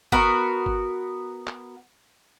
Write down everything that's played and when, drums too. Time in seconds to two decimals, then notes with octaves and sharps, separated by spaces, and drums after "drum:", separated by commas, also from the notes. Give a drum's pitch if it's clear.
0.12 B3 F#4 A#4, drum: kick G1
0.66 drum: kick G1
1.47 drum: clap